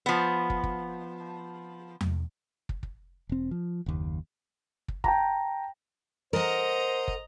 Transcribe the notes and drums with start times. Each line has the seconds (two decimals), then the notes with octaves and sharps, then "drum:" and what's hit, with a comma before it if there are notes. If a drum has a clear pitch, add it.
0.06 F3 B3
0.50 drum: kick
0.64 drum: kick
2.01 drum: tom E2
2.69 drum: kick
2.83 drum: kick
3.29 E1 C4
3.51 F3
3.86 F#1 D#2
4.88 drum: kick
5.04 G5 A5 A#5, drum: kick
6.33 A#4 C5 D#5 F#5 A#5
7.08 drum: kick